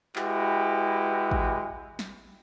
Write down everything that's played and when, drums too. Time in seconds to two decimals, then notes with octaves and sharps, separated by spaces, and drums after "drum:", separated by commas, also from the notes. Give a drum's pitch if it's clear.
0.16 G#3 E4 F#4 G4 B4, drum: clap
1.31 drum: kick G#1
1.99 drum: snare